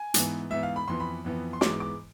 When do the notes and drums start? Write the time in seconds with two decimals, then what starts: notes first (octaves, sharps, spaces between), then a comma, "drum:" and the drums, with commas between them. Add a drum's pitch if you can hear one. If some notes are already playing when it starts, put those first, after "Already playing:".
Already playing: G#5
0.14 G#2 E3 B3, drum: hi-hat
0.50 G#2 E3 B3 E5
0.63 F5
0.76 B5
0.88 F2 E3 B3 C6
1.00 B5
1.24 F2 E3 B3
1.53 C6
1.61 G#2 E3 G#3 B3 D6, drum: snare
1.80 D6